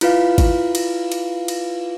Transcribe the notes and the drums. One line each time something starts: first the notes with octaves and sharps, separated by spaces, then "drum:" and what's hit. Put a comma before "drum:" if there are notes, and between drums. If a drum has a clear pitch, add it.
E4 F4 B4 F5, drum: cymbal
drum: kick G#1, cymbal
drum: cymbal
drum: cymbal
drum: cymbal